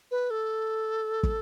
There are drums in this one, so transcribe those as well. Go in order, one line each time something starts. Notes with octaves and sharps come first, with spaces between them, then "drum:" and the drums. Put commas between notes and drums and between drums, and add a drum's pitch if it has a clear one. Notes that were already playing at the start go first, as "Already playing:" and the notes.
B4
A4
drum: kick